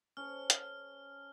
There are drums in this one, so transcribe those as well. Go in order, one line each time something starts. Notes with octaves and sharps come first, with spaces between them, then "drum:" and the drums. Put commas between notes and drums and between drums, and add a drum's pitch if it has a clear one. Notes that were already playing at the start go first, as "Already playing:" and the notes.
C#4 A4 C5 F6
drum: hi-hat